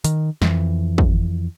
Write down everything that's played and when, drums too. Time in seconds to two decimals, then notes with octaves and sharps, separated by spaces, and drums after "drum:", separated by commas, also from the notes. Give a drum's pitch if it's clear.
0.04 D#3, drum: hi-hat
0.42 F2 E3, drum: snare
0.98 drum: kick